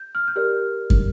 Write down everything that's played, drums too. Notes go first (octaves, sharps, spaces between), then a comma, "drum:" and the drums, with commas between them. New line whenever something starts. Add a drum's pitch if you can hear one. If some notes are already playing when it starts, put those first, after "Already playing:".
Already playing: G6
F6
G6
G4 A#4 D5 F6
drum: kick